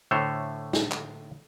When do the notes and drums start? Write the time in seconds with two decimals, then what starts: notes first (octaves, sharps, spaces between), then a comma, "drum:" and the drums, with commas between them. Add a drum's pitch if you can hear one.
0.11 A2 D3 A3 C5 C#5
0.73 drum: snare
0.92 drum: clap